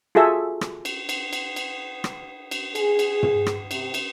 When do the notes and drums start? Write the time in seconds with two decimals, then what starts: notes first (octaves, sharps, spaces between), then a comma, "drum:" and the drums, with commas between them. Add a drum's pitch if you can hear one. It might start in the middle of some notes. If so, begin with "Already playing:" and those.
0.15 F4 F#4 G#4 A4 E5
0.61 drum: rim click
0.85 drum: cymbal
1.09 drum: cymbal
1.33 drum: cymbal
1.56 drum: cymbal
2.04 drum: rim click
2.51 drum: cymbal
2.75 G#4, drum: cymbal
2.99 drum: cymbal
3.23 drum: tom
3.46 drum: rim click
3.71 C3, drum: cymbal
3.94 drum: cymbal